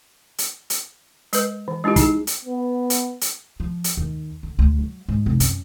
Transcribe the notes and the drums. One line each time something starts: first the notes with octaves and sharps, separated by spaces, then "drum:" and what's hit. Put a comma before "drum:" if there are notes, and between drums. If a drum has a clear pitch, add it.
drum: hi-hat
drum: hi-hat
G#3 B4, drum: hi-hat
E3
G#3 D4 E4 F4 G4
D#4 G#4, drum: kick, hi-hat
drum: hi-hat
B3
drum: hi-hat
drum: hi-hat
F3
drum: hi-hat
D#2
D3
D2
F#3
G#2
F1
F#2, drum: hi-hat